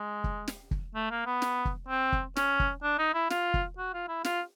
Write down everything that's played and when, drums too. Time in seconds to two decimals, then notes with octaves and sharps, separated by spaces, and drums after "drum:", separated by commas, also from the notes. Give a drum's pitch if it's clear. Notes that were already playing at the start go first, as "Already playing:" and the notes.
Already playing: G#3
0.24 drum: kick
0.48 drum: snare
0.71 drum: kick
0.95 A3
1.11 A#3
1.26 B3
1.42 drum: snare
1.65 drum: kick
1.89 C4
2.12 drum: kick
2.36 C#4, drum: snare
2.60 drum: kick
2.83 D4
2.99 D#4
3.14 E4
3.30 F4, drum: snare
3.54 drum: kick
3.78 F#4
3.94 F4
4.08 E4
4.25 F4, drum: snare